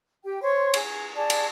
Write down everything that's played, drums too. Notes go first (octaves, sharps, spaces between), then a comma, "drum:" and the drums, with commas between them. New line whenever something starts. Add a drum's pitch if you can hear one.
G4 G5
C5 C#5 C6
G#4, drum: cymbal
G#4 D5 A5
drum: cymbal